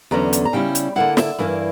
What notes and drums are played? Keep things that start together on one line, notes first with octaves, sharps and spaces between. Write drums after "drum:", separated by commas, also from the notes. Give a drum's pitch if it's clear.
E2 D3 F#3 C#4 A#5
drum: hi-hat
A#5
C#3 G3 C#4 E4 G5
drum: hi-hat
D3 A#3 E4 F#5
E5, drum: snare
G2 E3 A#3 E4